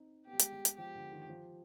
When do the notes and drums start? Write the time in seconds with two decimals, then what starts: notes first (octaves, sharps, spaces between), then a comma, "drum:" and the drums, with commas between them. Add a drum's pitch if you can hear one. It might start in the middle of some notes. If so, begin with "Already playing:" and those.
Already playing: C4 D#4
0.26 B3 G4
0.33 G3
0.39 G#3, drum: hi-hat
0.52 G3
0.65 G3, drum: hi-hat
0.78 F3 G4
0.95 D3
1.12 D#3
1.29 F3